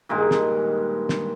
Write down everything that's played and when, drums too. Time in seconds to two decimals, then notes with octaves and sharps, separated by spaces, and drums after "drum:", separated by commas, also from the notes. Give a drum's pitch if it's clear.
0.09 G2 A#2 D#3 G#3
0.31 drum: snare
1.09 drum: snare